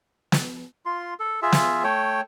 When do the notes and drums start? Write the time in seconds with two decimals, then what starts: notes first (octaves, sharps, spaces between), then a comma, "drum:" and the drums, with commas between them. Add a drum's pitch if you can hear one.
0.32 drum: snare
0.86 F4 C6
1.20 A4
1.42 F4 G#4 E5
1.52 drum: snare
1.84 A3 C#5 G5